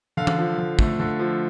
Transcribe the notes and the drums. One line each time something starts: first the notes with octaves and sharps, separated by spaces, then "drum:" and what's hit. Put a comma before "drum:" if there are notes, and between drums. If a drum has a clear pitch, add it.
D3 F5
drum: tom E3
F3
D3
A3, drum: kick
D3
F3